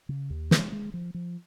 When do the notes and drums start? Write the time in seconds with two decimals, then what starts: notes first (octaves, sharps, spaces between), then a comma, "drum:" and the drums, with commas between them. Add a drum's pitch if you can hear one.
0.09 C#3
0.30 D#2
0.51 G#3, drum: snare
0.72 G#3
0.94 F3
1.14 F3